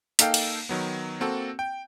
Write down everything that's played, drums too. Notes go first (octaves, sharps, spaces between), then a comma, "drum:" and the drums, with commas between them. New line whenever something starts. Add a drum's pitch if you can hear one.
A#3 D#4 A4 F5 G5, drum: hi-hat
drum: cymbal
D#3 F#3 B3
A#3 C4 F#4 A4
G5